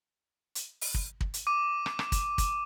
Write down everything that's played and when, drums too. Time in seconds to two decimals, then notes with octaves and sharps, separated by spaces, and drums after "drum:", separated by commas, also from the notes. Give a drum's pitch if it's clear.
0.55 drum: hi-hat
0.81 drum: open hi-hat
0.94 drum: kick
1.21 drum: kick
1.34 drum: hi-hat
1.47 D6 D#7
1.86 drum: rim click
1.99 drum: rim click
2.12 drum: kick, hi-hat
2.38 drum: kick, hi-hat